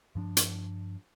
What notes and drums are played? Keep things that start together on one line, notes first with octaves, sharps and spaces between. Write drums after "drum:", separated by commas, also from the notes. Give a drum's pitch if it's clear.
G2 F3 D4
drum: hi-hat